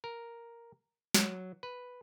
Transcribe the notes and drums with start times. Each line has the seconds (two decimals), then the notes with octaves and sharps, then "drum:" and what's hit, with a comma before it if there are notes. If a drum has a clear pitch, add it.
0.04 A#4
1.14 F#3, drum: snare
1.63 B4